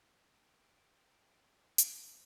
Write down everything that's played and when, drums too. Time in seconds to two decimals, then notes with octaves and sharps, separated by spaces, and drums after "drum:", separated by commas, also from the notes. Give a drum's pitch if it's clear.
0.24 G5
1.78 F5, drum: hi-hat